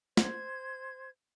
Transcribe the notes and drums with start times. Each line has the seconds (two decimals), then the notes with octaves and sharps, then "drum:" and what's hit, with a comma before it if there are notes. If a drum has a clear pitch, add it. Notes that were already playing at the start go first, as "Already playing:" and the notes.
0.17 C5 G#6, drum: snare